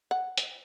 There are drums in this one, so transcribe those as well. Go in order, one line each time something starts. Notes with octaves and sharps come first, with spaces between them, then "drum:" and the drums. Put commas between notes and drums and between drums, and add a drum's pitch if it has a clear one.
F#5
drum: hi-hat